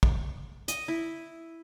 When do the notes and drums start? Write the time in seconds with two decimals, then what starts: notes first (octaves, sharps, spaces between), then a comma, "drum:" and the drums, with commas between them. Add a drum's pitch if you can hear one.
0.03 drum: kick
0.68 D#5, drum: hi-hat
0.88 E4